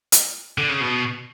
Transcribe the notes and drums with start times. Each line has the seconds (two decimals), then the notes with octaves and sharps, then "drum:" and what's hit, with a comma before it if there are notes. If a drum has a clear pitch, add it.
0.12 drum: hi-hat
0.58 D3
0.69 C#3
0.81 B2